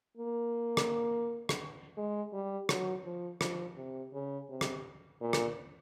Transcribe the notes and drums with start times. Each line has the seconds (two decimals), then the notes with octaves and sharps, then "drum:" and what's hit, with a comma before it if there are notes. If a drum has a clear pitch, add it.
0.17 A#3
0.77 drum: rim click
1.49 drum: rim click
1.97 G#3
2.33 G3
2.69 F#3, drum: rim click
3.05 F3
3.41 F3, drum: rim click
3.77 C3
4.13 C#3
4.49 C3
4.61 drum: rim click
5.21 A#2
5.33 drum: rim click